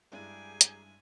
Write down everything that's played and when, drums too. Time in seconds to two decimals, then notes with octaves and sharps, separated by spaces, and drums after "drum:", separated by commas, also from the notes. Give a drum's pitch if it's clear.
0.12 G2 G#3 D4 E4 G4 G#4 G#5 A#5
0.61 drum: hi-hat